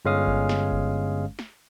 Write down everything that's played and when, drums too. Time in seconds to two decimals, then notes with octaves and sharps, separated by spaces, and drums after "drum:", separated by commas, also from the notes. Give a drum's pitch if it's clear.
0.05 G1 G#3 C#4 F5 D#6
0.27 drum: kick F#1
0.49 drum: snare
0.72 drum: kick F#1
1.39 drum: snare